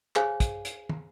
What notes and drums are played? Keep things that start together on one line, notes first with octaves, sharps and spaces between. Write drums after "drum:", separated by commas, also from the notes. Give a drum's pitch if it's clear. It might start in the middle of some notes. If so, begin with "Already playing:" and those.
G#4 C5 C#5 F5 G#5, drum: clap
drum: kick, hi-hat
drum: hi-hat
drum: tom